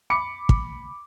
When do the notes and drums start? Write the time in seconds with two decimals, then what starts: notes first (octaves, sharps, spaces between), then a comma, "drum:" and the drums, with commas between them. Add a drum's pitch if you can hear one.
0.10 B5 D6 C#7
0.49 drum: kick